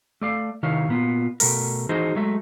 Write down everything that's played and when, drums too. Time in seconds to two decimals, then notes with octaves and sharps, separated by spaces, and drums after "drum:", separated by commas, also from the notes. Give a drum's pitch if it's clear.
0.21 A3 D5 F5
0.63 C3 D#3 E4 C#5 F5
0.88 A#2 B3 F4
1.40 B2 A3 A#4, drum: open hi-hat
1.89 E3 D#4 F#4 G#4 C5 D#5
2.15 F#3 G#3 A3 E5